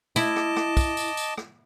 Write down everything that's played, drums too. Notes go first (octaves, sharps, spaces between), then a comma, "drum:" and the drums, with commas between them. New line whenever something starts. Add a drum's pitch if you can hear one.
E4 D#5 A5 D6, drum: tambourine
drum: rim click
drum: rim click
drum: kick, tambourine
drum: tambourine
drum: tambourine
drum: rim click